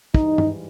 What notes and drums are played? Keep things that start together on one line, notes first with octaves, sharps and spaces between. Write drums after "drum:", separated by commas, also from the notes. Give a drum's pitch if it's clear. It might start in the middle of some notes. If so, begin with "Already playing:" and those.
G#2 E3 G3 D#4, drum: kick
drum: tom G2